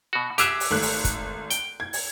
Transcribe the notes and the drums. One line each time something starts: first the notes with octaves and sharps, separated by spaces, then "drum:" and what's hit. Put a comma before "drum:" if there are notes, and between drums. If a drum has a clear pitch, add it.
B2 F#4
G4 G#4 E5 D6 E6 F#6, drum: hi-hat
drum: open hi-hat
G#1 A3 F#6
drum: open hi-hat
drum: kick, hi-hat
G5, drum: hi-hat
G#6
drum: open hi-hat